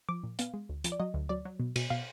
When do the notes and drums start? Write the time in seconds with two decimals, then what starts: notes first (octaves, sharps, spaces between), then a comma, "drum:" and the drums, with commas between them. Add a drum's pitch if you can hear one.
0.09 F3 D6
0.24 A#2
0.39 B3 F5, drum: hi-hat
0.54 G#3
0.69 D2
0.84 F3, drum: hi-hat
0.92 D5
1.00 F#3 D#5
1.14 D2
1.29 F#3 D5
1.45 F#3
1.60 B2
1.76 B2, drum: cymbal
1.90 B2 F5